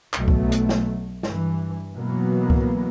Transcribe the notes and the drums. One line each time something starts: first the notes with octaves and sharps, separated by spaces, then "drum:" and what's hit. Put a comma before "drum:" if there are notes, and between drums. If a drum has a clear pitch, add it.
B1 B2 F#3 A3, drum: clap
drum: kick C2
drum: hi-hat
drum: snare
G2 E3, drum: snare
B2 E3 F#3 A#3 B3
drum: kick C2